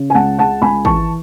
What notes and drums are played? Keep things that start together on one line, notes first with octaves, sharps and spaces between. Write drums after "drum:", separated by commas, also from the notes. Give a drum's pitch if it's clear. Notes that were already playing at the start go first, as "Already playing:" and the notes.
Already playing: C#3
G#5
C#2 F#5 A5
G#3 F#5 A5
C#2 G#5 B5
E3 A5 C#6, drum: kick G#1